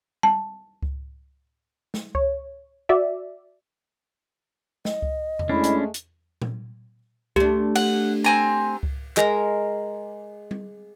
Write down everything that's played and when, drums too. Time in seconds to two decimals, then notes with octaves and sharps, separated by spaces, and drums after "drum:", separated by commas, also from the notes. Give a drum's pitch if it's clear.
0.23 A5, drum: tom G3
0.82 drum: kick C#2
1.94 drum: snare
2.15 C#5, drum: kick C#2
2.89 F#4 D5 E5
4.85 D#5, drum: snare
5.02 drum: kick C#2
5.39 drum: tom E2
5.49 G#3 A3 C#4 D4 E4
5.64 drum: hi-hat
5.94 drum: hi-hat
6.42 drum: tom A#2
7.36 A3 D4 G4, drum: kick C#2
7.75 F#5, drum: cymbal
8.24 C4 G#5 A#5
8.83 drum: kick C#2
9.17 G#3 A#4 A#5, drum: clap
10.51 drum: tom G3